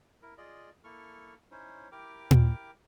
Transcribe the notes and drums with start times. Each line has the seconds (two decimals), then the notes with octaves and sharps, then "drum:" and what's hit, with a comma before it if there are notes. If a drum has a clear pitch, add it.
0.22 E4 A#4
0.38 F4 G#4 D5 D#5
0.84 A#3 E4 A4 C#6 F6
1.51 C#4 D#4 E4 C5 C#5
1.92 E4 G4 A#4 G5 D6 F6
2.31 drum: tom A#2